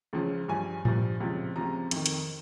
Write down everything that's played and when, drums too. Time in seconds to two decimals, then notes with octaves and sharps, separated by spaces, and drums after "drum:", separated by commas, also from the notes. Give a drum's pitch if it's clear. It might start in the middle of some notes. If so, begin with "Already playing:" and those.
0.13 C#2 C#3 F3
0.48 G2 F3 G#5
0.85 G2 F3, drum: tom A2
1.20 C#2 C3 F3
1.56 C#2 C3 F3 A#5
1.91 F2 D#3, drum: hi-hat
2.06 drum: hi-hat